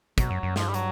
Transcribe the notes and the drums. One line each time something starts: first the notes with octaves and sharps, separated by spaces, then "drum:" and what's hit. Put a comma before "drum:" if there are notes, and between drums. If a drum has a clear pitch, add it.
B2 F#3, drum: kick, hi-hat
F#2
F#2
G2 F3, drum: snare
G3
F#3, drum: hi-hat